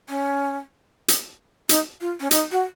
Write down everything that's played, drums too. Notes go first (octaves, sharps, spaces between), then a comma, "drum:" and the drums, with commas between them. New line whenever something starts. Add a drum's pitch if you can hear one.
C#4
drum: hi-hat
D#4, drum: hi-hat
F4
C#4
D#4, drum: hi-hat
F#4